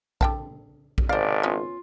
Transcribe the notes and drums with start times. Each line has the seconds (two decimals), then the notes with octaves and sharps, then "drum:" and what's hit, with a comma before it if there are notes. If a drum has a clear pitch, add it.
0.21 D3 G5 A5, drum: kick A#1
0.98 drum: kick A#1
1.09 G#1 C5 D5 F5
1.43 B3 C#4 F4